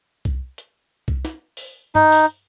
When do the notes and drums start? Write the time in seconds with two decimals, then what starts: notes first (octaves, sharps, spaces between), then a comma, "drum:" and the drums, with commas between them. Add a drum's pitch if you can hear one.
0.25 drum: kick C2
0.58 drum: hi-hat
1.08 drum: kick C2
1.25 drum: snare
1.57 drum: open hi-hat
1.95 D#4, drum: tom G2
2.12 drum: open hi-hat